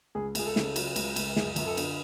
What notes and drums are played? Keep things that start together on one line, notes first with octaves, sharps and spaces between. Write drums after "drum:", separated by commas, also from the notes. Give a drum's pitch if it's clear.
C#2 G#4
C#2 G#4, drum: cymbal
A4
C#3, drum: snare
F#3, drum: cymbal
C#2, drum: cymbal
C#2, drum: cymbal
F#2 G#4, drum: snare
F#2, drum: cymbal
A4
D3, drum: cymbal